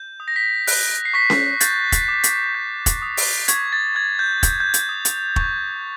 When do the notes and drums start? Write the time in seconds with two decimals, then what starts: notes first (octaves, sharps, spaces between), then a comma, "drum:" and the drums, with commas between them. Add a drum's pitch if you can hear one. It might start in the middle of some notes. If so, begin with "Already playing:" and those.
Already playing: G6
0.20 D#6
0.28 A#6
0.36 B6
0.67 F#6, drum: open hi-hat
1.05 C7
1.14 C#6 B6
1.30 drum: snare C#4
1.60 G6 A6, drum: hi-hat
1.92 drum: kick, hi-hat
2.08 D6
2.24 drum: hi-hat
2.55 G6
2.86 drum: kick, hi-hat
3.02 D#6
3.17 drum: open hi-hat
3.48 C#6 G#6, drum: hi-hat
3.72 A6
3.95 C#6 G#6
4.19 G6
4.43 G6, drum: kick, hi-hat
4.60 G6
4.74 drum: hi-hat
4.89 D#6
5.05 drum: hi-hat
5.36 C#6, drum: kick